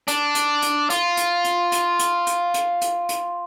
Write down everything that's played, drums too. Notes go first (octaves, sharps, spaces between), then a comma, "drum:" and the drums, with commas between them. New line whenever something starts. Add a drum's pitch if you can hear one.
D4, drum: hi-hat
drum: hi-hat
drum: hi-hat
F4, drum: hi-hat
drum: hi-hat
drum: hi-hat
drum: hi-hat
drum: hi-hat
drum: hi-hat
drum: hi-hat
drum: hi-hat
drum: hi-hat